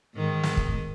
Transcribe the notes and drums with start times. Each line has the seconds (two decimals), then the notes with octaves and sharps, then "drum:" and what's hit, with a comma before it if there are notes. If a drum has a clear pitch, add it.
0.16 G#2 D#3
0.43 drum: snare
0.57 drum: kick